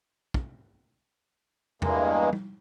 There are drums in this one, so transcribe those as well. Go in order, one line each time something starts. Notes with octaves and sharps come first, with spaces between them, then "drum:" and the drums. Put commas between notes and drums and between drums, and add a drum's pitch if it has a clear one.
drum: kick
E2 G2 G#3 A#3, drum: tom E2
drum: tom